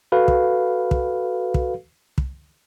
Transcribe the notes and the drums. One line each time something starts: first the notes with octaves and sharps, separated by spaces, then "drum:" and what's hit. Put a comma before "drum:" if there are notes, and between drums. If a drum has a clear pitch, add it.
F#4 A4 B4 F5
drum: kick
drum: kick
drum: kick
drum: kick